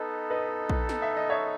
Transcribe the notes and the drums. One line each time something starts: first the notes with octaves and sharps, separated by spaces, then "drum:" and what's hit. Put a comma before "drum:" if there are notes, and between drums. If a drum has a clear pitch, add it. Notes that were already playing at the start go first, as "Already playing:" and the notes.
Already playing: B3 D#4 A4 B4 D#5
B4 D#5
drum: kick A#1
drum: snare
E5
D#5
C#5 E5